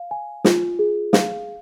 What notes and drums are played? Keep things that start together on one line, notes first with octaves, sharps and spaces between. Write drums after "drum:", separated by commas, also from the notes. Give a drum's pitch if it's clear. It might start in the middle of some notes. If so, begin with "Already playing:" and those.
Already playing: F5
G#5
F4, drum: snare
G#4
F5, drum: snare